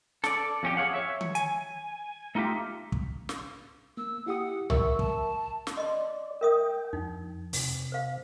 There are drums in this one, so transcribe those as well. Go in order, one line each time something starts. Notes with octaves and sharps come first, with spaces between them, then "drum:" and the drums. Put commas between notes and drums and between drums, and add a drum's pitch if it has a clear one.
A4 D5, drum: snare
F2 C#4 G4
G#4 C#5 F5 F#5
C#5 E5
drum: tom D#3
G#5, drum: hi-hat
A3 D#4 F4 G4 E5
drum: kick
drum: snare
A#3 E6
E4 G4 F#5 D#6
A#4 E5 C#6 E6, drum: tom
A5, drum: kick
drum: snare
D5 D#5 C6
A#4 E5 G5 D#6
F2 D#4
C3, drum: open hi-hat
C5 F5